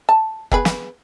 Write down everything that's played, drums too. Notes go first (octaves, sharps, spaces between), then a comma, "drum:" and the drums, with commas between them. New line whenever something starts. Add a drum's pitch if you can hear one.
A5
B3 G#4 B4, drum: kick F#1
drum: snare